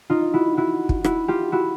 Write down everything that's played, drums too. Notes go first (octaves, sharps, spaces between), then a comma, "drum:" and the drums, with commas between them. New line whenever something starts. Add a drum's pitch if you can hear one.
D#4 F4
E4 F#4
E4 F#4
drum: kick
E4 F#4, drum: rim click
F4 G4
E4 F#4